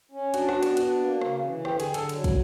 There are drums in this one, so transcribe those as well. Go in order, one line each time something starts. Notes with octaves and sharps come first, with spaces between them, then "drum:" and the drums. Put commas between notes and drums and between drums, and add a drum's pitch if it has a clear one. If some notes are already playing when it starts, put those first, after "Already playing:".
C#4
D4 F#4, drum: cymbal
F#4, drum: rim click
B3
F#4, drum: cymbal
D4 F#4, drum: cymbal
A#3
C#3, drum: rim click
E3
D3 G4, drum: rim click
G#4, drum: cymbal
D3
A4, drum: cymbal
F#3, drum: cymbal
drum: kick, cymbal